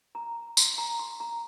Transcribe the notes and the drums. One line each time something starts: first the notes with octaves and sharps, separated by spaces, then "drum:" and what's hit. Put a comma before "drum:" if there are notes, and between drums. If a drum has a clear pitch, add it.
A#5
C6, drum: tambourine
A#5
C6
A#5